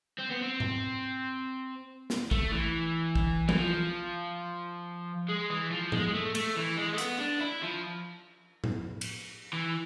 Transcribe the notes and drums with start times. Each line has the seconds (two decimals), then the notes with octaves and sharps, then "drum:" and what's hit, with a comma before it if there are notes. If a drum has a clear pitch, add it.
0.19 C4
0.31 B3
0.43 C4
0.60 drum: tom G#2
2.10 drum: snare
2.31 A3, drum: kick
2.52 E3
3.15 drum: kick
3.49 E3, drum: tom E3
3.59 F3
5.29 G#3
5.50 E3
5.71 F3
5.92 G#3, drum: tom A2
6.07 G#3
6.14 A3
6.35 A3, drum: cymbal
6.56 E3
6.77 G#3
6.93 A3
6.98 B3, drum: hi-hat
7.20 D4
7.41 E4
7.62 F3
8.64 drum: tom A2
9.01 drum: cymbal
9.53 E3